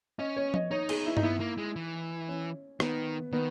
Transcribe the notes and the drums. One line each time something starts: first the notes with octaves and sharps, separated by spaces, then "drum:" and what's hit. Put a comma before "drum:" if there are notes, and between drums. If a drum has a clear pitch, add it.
C#4 D#5
C#5
D#5, drum: tom F3
D#4 C#5
G#4, drum: cymbal
E4
D#4, drum: tom G2
B3 E4
A#3
G#3
E3
C#4
D#3 B3, drum: rim click
D#3 B3